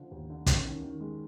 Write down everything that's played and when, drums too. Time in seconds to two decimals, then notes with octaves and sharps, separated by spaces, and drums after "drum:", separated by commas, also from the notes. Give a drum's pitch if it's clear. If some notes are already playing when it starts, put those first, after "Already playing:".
Already playing: D3 F3
0.11 D#2
0.30 D3
0.46 C#4, drum: kick, hi-hat
0.65 D#3
0.82 D#3
1.00 G#3